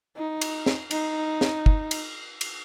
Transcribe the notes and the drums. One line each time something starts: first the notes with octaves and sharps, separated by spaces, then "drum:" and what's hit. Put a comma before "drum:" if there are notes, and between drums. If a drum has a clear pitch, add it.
D#4
drum: cymbal
drum: snare
D#4, drum: cymbal
drum: snare
drum: kick
drum: cymbal
drum: cymbal